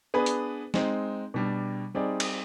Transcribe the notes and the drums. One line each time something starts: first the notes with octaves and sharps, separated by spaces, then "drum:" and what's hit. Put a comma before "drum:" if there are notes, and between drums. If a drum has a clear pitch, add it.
B3 D4 G#4 B4
drum: hi-hat
G#3 C4 D#4, drum: snare
B2 G3 D4
G3 C4 D#4 G#4 D5
drum: cymbal